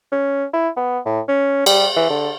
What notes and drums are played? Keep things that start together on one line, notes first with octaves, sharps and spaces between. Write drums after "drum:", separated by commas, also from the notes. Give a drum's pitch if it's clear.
C#4
E4
B3
A2
C#4
G3, drum: cymbal
E3
D3